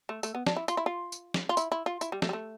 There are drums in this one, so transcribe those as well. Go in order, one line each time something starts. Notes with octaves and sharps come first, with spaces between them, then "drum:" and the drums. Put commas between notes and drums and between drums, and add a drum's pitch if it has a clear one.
A3
A3, drum: tambourine
B3
D4, drum: snare
E4
F4, drum: tambourine
E4
F4
drum: tambourine
drum: snare
F4
E4, drum: tambourine
E4
F4
E4, drum: tambourine
G3
A3, drum: snare
G3
A3